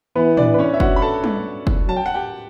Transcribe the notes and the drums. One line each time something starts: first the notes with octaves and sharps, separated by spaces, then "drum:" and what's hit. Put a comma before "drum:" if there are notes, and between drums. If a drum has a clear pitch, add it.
E3 B3 B4
D4 D5, drum: tom
B4
C#4 C#5
E5
F#4 F#5, drum: kick F1
B5
A4 A5
drum: tom G3
drum: kick F1
F#3 A5
G5
F#5
G4 G5